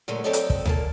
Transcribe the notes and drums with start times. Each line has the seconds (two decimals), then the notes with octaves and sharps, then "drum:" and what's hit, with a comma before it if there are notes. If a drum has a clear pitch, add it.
0.08 A#2 D3 F#3 G#3 A3
0.24 F#3 C4 G4 A4 D5 D#5
0.33 drum: hi-hat
0.50 drum: kick
0.65 A#2 A#3 A5, drum: tom D2